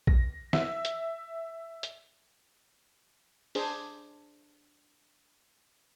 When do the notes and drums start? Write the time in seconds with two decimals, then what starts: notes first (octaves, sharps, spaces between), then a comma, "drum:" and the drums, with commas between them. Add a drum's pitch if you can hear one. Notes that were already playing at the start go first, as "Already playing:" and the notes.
0.07 A#6, drum: kick A#1
0.53 E5, drum: snare
0.85 drum: hi-hat
1.83 drum: hi-hat
3.55 D4 G#4 C5, drum: open hi-hat